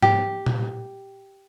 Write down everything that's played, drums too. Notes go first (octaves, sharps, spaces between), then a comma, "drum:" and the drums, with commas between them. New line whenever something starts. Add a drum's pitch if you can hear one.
G4, drum: tom
drum: tom A#2